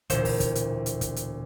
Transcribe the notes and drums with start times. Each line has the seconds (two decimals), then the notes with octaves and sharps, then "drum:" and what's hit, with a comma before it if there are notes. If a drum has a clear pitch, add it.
0.10 E1 D2 A#2 C5 E7, drum: kick, hi-hat
0.25 drum: kick, open hi-hat
0.40 drum: kick, hi-hat
0.55 drum: hi-hat
0.86 drum: hi-hat
1.01 drum: kick, hi-hat
1.16 drum: hi-hat